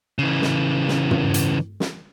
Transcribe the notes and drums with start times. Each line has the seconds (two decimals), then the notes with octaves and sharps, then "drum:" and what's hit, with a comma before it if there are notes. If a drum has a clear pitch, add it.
0.19 C#3 E3
0.42 drum: snare
0.88 drum: snare
1.11 drum: tom
1.34 drum: hi-hat
1.80 drum: snare